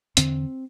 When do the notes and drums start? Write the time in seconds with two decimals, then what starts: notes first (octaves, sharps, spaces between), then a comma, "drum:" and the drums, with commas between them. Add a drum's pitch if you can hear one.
0.17 E2 D3 C4, drum: hi-hat